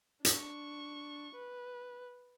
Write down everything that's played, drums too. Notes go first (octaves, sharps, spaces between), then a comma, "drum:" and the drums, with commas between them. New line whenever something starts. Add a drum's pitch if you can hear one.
D4 C#6, drum: hi-hat
B4